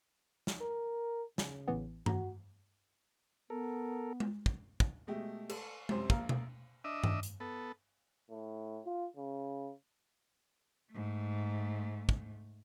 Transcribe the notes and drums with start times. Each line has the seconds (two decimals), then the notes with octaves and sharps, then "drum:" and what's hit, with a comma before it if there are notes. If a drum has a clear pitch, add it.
0.47 drum: snare
0.61 A#4
1.38 C#3, drum: snare
1.68 A1 E3 B3
2.06 F#4 A#5, drum: tom G2
3.50 B3 A4 A#4
4.20 drum: tom G#3
4.46 drum: kick
4.80 drum: kick
5.07 B2 G#3 A3 G4
5.49 A4, drum: cymbal
5.89 F#2 C3 C5, drum: tom G#3
6.10 A#1 A#3 F5 A#5, drum: kick
6.29 drum: tom B2
6.84 D4 D#5 E5
7.04 drum: tom G2
7.23 drum: hi-hat
7.40 B3 A4
8.30 A2
8.85 F4
9.17 C#3
10.92 G#2 A3
12.09 drum: kick